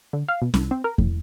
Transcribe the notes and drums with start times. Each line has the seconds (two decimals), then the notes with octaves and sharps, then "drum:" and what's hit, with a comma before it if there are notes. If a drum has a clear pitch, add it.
0.13 D3
0.28 F5
0.42 B2
0.54 C2, drum: snare C#4
0.71 C4
0.84 A#4
0.98 A2, drum: kick E2